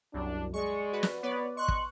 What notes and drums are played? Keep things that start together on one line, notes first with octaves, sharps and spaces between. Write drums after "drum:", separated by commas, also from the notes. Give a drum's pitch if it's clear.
C2 F#2 D4
G#3 D5 C#6
F#4 B4
drum: snare
B3 B4 C#5 D5
D#5 C6 C#6 F#6
drum: kick